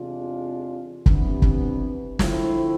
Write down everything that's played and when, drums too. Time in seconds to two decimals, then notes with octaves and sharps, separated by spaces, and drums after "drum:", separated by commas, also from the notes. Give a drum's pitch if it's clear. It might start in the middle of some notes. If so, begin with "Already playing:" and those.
Already playing: E2 C3 G#3 D4 F4
1.06 C3 E3 B3 D4, drum: kick
1.42 drum: kick
2.19 D3 F3 A3 C4 E4, drum: snare